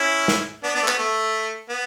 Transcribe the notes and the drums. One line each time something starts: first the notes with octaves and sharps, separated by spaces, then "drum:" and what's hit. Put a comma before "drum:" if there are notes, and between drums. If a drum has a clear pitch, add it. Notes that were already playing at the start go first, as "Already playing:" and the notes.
Already playing: C#4 E4
drum: snare
B3 D4
B3 D4
A3
B3, drum: clap
A3
B3